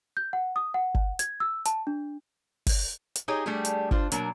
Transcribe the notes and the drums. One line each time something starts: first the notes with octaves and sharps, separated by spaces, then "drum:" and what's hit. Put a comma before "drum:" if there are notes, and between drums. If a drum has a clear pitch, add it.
G6
F#5
D#6
F#5
drum: kick G1
G#6, drum: hi-hat
E6
A5, drum: hi-hat
D4
drum: kick G1, open hi-hat
drum: hi-hat
D#4 G4 G#4 C#5 D#5
G3 A3 D4 G4 G#4
drum: hi-hat
D4 F4 C5, drum: kick G1
B2 F#3 A#3 D4 A#4, drum: hi-hat